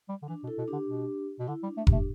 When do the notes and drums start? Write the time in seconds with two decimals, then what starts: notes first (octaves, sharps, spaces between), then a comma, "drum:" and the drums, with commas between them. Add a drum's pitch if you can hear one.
0.09 G3
0.22 D3
0.28 E3 D4
0.44 B2
0.48 E4 A4
0.58 B2
0.68 D3 D4 G4
0.88 B2
1.40 B2
1.48 D3 E4
1.63 G3
1.68 D4
1.77 A3
1.87 D4 G4, drum: kick F1
1.92 A3